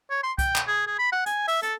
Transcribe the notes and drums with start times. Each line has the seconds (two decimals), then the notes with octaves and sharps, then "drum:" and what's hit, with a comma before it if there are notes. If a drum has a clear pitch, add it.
0.10 C#5
0.23 C6
0.38 G5, drum: kick C2, hi-hat
0.56 drum: clap
0.67 G#4
0.87 G#4
0.99 B5
1.12 F#5
1.26 G#5, drum: hi-hat
1.48 E5, drum: open hi-hat
1.63 A4, drum: hi-hat